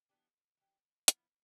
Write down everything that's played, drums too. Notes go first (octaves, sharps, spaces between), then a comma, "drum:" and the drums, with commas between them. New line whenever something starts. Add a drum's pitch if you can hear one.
E3 B3 D4 G4
E3 B3 D4 G4
F3 B3 E4, drum: hi-hat